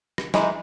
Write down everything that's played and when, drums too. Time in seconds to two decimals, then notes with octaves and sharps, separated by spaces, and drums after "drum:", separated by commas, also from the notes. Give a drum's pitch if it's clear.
0.18 drum: rim click
0.34 E3 G#3 D#4, drum: snare